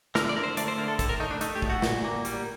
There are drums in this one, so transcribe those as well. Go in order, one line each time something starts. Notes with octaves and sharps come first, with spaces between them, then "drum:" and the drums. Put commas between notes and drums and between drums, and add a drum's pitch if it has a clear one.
D3 A#4, drum: snare
D5
D3 A#4
C5
A3 D5, drum: hi-hat
C5
D3 A#4
A4
A2 A4, drum: kick, hi-hat
A#4
A3 D#4
D4
A3 D#4, drum: hi-hat
G4
A2, drum: kick
F#4
A#2, drum: snare
A#3
G3, drum: hi-hat